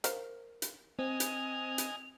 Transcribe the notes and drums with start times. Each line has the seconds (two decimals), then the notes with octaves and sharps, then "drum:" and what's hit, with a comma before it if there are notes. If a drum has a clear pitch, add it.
0.04 A#4 C5 F5, drum: hi-hat
0.62 drum: hi-hat
0.99 C4 D#5 G#5 F7
1.20 drum: hi-hat
1.78 drum: hi-hat